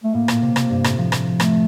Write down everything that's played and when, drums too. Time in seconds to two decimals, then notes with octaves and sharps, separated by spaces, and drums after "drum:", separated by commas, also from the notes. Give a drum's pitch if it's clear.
0.04 A3
0.14 A2 A#3
0.28 A#2, drum: rim click
0.42 C3
0.56 C3, drum: rim click
0.70 G2
0.84 A2, drum: rim click
0.98 F3
1.12 drum: rim click
1.40 A3, drum: rim click